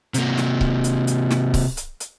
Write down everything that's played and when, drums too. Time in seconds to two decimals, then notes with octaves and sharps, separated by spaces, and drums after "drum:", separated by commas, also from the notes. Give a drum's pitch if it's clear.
0.14 C3 A#3, drum: hi-hat
0.37 drum: snare
0.61 drum: kick C#1
0.84 drum: hi-hat
1.07 drum: hi-hat
1.30 drum: snare
1.54 drum: kick C#1, open hi-hat
1.77 drum: hi-hat
2.00 drum: hi-hat